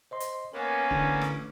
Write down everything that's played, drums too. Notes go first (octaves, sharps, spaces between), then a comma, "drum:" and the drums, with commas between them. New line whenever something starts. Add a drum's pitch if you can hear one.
C5 D#5 C6
drum: hi-hat
A#3 B3 C#4 A#4
A1 D3 D4 A4, drum: kick
drum: rim click